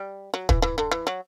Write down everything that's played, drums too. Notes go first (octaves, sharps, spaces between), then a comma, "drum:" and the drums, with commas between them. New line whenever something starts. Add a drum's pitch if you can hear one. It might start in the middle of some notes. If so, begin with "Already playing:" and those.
Already playing: G3
F#3
E3, drum: kick
E3
D3
E3
F#3